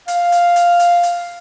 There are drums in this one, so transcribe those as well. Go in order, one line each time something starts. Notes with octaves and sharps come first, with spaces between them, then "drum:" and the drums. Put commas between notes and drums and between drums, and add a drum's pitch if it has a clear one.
F5, drum: hi-hat
drum: hi-hat
drum: hi-hat
drum: hi-hat
drum: hi-hat